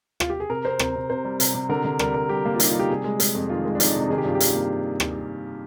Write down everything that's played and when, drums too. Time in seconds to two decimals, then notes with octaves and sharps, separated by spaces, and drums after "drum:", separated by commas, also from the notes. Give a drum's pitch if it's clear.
0.20 F4, drum: rim click
0.30 G4
0.40 G#4
0.50 C3 A#4
0.65 C4 C5
0.79 C3 A#4, drum: rim click
0.96 C3
1.10 C3 C5
1.25 G3
1.40 C3, drum: hi-hat
1.54 C3
1.69 D3 A#4
1.85 D3
1.99 G3 A#4, drum: rim click
2.14 G3 A#4
2.29 G3 G4
2.46 A#3
2.55 F4
2.60 G3 D#4, drum: hi-hat
2.70 F4
2.75 G3 G4
2.90 C3 G#4
3.04 G#3
3.20 G#3, drum: hi-hat
3.35 F2
3.50 D#3 F4
3.65 G#3
3.75 D4
3.80 F2 D#4, drum: hi-hat
3.95 C3
4.10 D#3 G#4
4.18 G4
4.24 G2 F4
4.35 G4
4.40 D#3, drum: hi-hat
4.55 A#3
5.00 drum: rim click